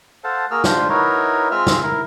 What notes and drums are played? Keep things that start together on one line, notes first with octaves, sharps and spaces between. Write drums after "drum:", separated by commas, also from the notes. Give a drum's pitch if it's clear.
A4 C5 F5 F#5 A5
A#3 F#4 G#4 A#4 E6 F6
D4 F4 G4 C5, drum: snare
D#4 E4 F#4 A#4 B4 C#5
G#3 C4 F4 E5 E6 F6
drum: snare
E4 A#4